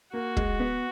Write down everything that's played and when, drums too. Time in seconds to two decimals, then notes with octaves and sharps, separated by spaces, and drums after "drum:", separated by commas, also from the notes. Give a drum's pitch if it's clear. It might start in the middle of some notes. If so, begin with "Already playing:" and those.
0.13 A#3 F#4
0.37 G#3, drum: kick
0.60 B3